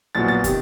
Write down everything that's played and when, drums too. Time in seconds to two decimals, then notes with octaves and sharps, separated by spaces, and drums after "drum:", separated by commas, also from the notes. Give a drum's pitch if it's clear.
0.15 A#1 A#2 F#3 B3 A6
0.28 A6
0.44 C3 D#3, drum: kick, hi-hat